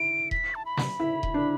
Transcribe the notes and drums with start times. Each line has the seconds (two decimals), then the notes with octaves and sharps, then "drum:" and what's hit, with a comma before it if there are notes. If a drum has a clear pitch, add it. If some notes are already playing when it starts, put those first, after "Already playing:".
Already playing: E4 D7
0.31 B6, drum: kick D#1
0.55 A5
0.65 B5
0.77 drum: snare
1.00 E4
1.23 drum: kick D#1
1.34 D4